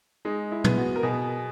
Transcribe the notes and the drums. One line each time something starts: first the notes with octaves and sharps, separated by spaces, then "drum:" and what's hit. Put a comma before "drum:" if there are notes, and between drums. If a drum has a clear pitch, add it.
G#3 D#4
E4
B3, drum: tom
F#4
A#4
B2 G#4